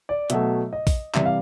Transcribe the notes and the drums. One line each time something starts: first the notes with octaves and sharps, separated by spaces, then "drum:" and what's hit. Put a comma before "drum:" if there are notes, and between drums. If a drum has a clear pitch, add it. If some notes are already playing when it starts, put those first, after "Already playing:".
D5
B2 F#3 A3 E5, drum: hi-hat
D#5
drum: kick A#1, open hi-hat
C3 E3 G3 E5, drum: clap
F5